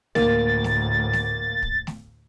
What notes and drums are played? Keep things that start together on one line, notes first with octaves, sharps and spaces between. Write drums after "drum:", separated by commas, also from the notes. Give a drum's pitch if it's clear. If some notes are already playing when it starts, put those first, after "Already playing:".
D2 A2 A#3 A6, drum: snare
drum: snare
drum: snare
drum: kick
drum: snare